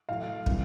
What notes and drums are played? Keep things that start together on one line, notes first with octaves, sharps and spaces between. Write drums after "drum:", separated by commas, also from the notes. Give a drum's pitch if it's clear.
A2 F#3 A3 F5
C3 E3 G3, drum: kick